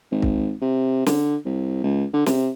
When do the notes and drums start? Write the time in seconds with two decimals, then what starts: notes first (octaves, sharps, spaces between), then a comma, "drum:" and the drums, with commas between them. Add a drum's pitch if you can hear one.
0.12 G#1
0.22 drum: kick
0.62 C3
1.06 D3, drum: snare
1.45 C2
1.84 C#2
2.14 D3
2.26 C3, drum: snare